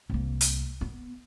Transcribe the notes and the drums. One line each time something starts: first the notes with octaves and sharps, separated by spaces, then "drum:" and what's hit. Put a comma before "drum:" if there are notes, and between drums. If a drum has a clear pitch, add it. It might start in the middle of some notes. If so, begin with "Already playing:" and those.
C2 A#3
drum: hi-hat
B3